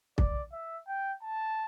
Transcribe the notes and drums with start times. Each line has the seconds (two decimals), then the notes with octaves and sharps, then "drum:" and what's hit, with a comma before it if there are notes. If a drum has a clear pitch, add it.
0.18 D5, drum: kick
0.53 E5
0.88 G5
1.23 A5